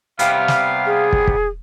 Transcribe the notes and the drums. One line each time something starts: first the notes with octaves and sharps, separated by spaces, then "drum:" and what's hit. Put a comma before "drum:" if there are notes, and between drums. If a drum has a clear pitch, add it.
C3 G3 B3 F5, drum: hi-hat
drum: snare
G#4
drum: kick
drum: kick